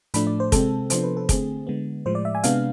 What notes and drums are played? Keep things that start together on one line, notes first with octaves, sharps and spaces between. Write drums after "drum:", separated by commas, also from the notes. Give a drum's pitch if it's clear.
A2 F3 A3 D4 B5, drum: hi-hat
D5
C5
C3 G#3 C4 A4, drum: kick, hi-hat
C3 F3 B3 D4 C5, drum: hi-hat
B4
A4
D3 A3 C4 G#4, drum: kick, hi-hat
D3 G#3 B3
A2 F3 G#3 C5
D5
E5
G#5
C3 G#3 B3 D4 F5, drum: hi-hat